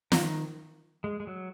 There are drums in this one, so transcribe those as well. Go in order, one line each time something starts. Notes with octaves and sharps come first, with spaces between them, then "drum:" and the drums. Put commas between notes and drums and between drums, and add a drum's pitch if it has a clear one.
D#3, drum: snare
G#3
G#3
F#3